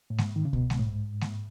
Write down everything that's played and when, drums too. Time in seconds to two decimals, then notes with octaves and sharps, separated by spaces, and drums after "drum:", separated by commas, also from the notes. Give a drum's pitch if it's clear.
0.10 A2
0.18 G#2, drum: snare G#3
0.36 D#3
0.45 C#3
0.53 B2, drum: kick C2
0.70 drum: snare G#3
0.79 A2
0.87 G#2
1.21 drum: snare G#3